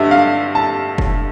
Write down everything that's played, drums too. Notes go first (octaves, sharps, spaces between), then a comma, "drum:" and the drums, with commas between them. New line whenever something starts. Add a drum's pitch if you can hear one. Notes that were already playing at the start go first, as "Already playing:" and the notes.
Already playing: G2 D3 E5
F5
A5
drum: kick